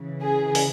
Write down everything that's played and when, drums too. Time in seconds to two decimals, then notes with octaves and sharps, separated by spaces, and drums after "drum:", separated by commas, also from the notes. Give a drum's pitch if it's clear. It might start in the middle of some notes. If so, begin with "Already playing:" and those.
Already playing: C#3 E3
0.21 G#4
0.55 drum: open hi-hat